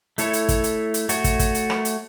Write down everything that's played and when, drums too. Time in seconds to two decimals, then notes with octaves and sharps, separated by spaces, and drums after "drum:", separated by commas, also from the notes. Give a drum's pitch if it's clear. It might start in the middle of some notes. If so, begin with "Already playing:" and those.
0.18 A3 E4 A4 C#5, drum: hi-hat
0.33 drum: hi-hat
0.49 drum: kick, hi-hat
0.64 drum: hi-hat
0.94 drum: hi-hat
1.09 A3 F#4 C#5, drum: hi-hat
1.24 drum: kick, hi-hat
1.39 drum: kick, hi-hat
1.55 drum: hi-hat
1.70 drum: rim click
1.85 drum: hi-hat